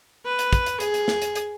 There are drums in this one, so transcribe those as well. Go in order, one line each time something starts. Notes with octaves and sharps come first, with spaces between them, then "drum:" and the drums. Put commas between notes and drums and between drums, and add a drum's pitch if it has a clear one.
B4
drum: hi-hat
drum: kick, hi-hat
drum: hi-hat
G#4, drum: hi-hat
drum: hi-hat
drum: snare
drum: hi-hat
drum: hi-hat